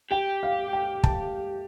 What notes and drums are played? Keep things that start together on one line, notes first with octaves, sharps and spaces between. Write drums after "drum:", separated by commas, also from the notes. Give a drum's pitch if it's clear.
G4 G5
F5
G5
A5, drum: kick